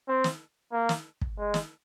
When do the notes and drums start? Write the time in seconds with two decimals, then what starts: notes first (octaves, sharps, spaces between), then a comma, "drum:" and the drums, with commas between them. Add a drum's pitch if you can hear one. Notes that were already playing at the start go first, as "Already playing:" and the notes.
0.08 C4
0.24 drum: snare
0.72 A#3
0.89 drum: snare
1.21 drum: kick
1.38 G#3
1.54 drum: snare